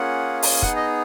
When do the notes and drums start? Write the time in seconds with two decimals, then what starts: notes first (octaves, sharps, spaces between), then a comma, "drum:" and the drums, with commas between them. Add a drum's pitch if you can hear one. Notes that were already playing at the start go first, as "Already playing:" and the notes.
Already playing: A#3 C#4 F4 G#4 F#5
0.43 drum: open hi-hat
0.62 B3 D#4 G#4 F#5, drum: kick
0.76 D#5